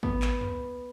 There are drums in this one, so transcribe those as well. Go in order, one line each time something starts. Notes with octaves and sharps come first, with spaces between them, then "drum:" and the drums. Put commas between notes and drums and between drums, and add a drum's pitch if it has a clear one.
B3, drum: kick
drum: clap
drum: tom